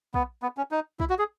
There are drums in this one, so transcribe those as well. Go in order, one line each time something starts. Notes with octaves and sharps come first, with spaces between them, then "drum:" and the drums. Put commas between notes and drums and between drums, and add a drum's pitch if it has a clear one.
B3, drum: kick
B3
C#4
D#4
E4, drum: kick
F#4
G#4